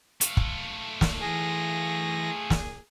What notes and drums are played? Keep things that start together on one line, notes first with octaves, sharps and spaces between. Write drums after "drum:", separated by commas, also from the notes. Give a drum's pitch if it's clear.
A3 F4, drum: hi-hat
drum: kick
drum: snare
E3 G#4 A#6
drum: snare